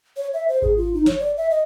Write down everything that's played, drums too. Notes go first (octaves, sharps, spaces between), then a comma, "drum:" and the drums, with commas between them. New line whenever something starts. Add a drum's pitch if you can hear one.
C#5
E5
C5
G#4, drum: kick G#1
F4
D#4
C#5, drum: snare
D5
E5
D#5